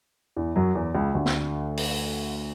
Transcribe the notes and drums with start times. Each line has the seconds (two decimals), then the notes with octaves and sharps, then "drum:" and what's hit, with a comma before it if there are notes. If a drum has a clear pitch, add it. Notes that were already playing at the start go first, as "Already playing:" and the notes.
0.36 E2 E3
0.56 F#2 F#3
0.75 E2 E3
0.95 C#2 C#3
1.14 D2 D3
1.26 drum: snare
1.77 drum: open hi-hat